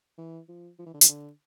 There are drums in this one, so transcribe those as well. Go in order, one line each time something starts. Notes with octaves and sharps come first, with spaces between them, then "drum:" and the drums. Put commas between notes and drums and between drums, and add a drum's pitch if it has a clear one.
E3
F3
F3
E3
D3
E3, drum: hi-hat
D3